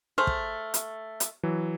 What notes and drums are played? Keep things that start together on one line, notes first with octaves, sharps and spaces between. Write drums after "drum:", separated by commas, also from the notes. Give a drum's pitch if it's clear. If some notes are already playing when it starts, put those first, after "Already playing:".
A3 G#4 C5 F6
drum: kick
drum: hi-hat
drum: hi-hat
E3 F#3